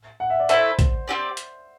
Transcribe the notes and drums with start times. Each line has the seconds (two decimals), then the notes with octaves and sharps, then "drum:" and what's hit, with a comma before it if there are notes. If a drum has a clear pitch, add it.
0.20 F#5
0.30 E5
0.40 D5
0.49 A3 E4 A4 C5 E5, drum: hi-hat
0.79 drum: kick, hi-hat
1.08 C4 E4 G4 D5
1.37 drum: hi-hat